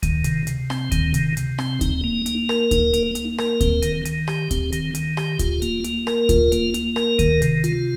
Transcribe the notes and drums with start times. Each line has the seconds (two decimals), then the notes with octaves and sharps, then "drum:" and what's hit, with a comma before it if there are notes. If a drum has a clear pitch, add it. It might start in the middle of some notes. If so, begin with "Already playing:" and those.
0.03 D#3, drum: kick D2, hi-hat
0.24 C3, drum: hi-hat
0.47 C3, drum: hi-hat
0.70 C4, drum: rim click
0.92 D#3, drum: kick D2, hi-hat
1.14 C3, drum: hi-hat
1.37 C3, drum: hi-hat
1.58 C4, drum: rim click
1.81 D#4, drum: kick D2, hi-hat
2.04 A#3
2.26 A#3, drum: hi-hat
2.49 A#4, drum: rim click
2.71 D#4, drum: kick D2, hi-hat
2.94 A#3, drum: hi-hat
3.15 A#3, drum: hi-hat
3.38 A#4, drum: rim click
3.61 C4, drum: kick D2, hi-hat
3.82 D#3, drum: hi-hat
4.05 D#3, drum: hi-hat
4.28 G4, drum: rim click
4.51 C4, drum: kick D2, hi-hat
4.72 D#3, drum: hi-hat
4.95 D#3, drum: hi-hat
5.17 G4, drum: rim click
5.39 F4, drum: kick D2, hi-hat
5.62 A#3, drum: hi-hat
5.84 A#3, drum: hi-hat
6.07 A#4, drum: rim click
6.29 F4, drum: kick D2, hi-hat
6.52 A#3, drum: hi-hat
6.74 A#3, drum: hi-hat
6.96 A#4, drum: rim click
7.19 D#3, drum: kick D2, hi-hat
7.42 C3, drum: hi-hat
7.64 F4, drum: hi-hat